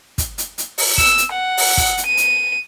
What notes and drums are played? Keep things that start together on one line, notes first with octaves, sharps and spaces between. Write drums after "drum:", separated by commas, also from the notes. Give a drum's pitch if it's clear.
drum: kick, hi-hat
drum: hi-hat
drum: hi-hat
drum: open hi-hat
E6, drum: kick, hi-hat
drum: hi-hat
F#5
drum: open hi-hat
drum: kick, hi-hat
drum: hi-hat
D#7
drum: hi-hat